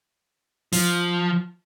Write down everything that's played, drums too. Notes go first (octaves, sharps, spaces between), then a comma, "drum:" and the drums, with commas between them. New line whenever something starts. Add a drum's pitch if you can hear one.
F3, drum: open hi-hat